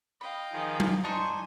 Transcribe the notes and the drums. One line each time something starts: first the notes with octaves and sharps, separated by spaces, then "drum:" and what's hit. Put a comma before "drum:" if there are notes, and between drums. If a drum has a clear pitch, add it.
D#5 F5 G5 B5
D#3 F3 G#4
drum: tom F#3
D4 D#4 C5 G#5 C#6